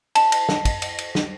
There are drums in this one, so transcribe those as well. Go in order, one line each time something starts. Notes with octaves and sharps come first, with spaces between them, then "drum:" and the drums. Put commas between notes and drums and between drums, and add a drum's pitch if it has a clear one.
A5, drum: cymbal
drum: cymbal
drum: snare
drum: kick, cymbal
drum: cymbal
drum: cymbal
drum: snare